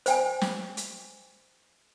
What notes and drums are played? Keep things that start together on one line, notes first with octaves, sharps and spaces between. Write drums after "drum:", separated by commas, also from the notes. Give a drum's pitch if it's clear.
C5 G5 G#5, drum: hi-hat
drum: snare
drum: hi-hat